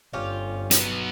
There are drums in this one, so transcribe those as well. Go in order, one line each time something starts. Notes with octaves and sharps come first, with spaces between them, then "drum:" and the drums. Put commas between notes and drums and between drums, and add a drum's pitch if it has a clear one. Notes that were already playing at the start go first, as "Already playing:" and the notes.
G1 C#4 F4 G4
F#3 B3, drum: hi-hat